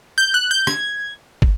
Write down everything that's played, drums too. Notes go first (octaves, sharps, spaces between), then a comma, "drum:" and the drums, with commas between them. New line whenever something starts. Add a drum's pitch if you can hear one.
G6
F#6
G6
G#6, drum: rim click
drum: kick